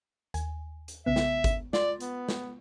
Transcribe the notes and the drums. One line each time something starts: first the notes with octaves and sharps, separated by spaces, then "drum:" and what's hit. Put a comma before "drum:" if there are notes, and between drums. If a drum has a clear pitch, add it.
D#2 G#5, drum: hi-hat
drum: hi-hat
B1 C#3 B3 E5
drum: snare
drum: kick G1, hi-hat
F4 D5 C6 A6, drum: snare
B3, drum: hi-hat
drum: snare